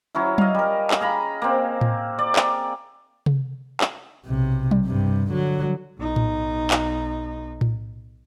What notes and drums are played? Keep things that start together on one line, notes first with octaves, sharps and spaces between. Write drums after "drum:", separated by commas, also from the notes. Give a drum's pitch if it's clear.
F#3 C#4 E4
D#5 F5, drum: tom F#3
G3 A#4
drum: clap
G#4 F5 A#5 B5
A#3 C4
drum: tom A2
D5
drum: clap
drum: tom C3
drum: clap
B1 C3
drum: tom F#3
G2 C3
D3 F#3
B1 D#4
drum: tom A2
drum: clap
drum: tom A2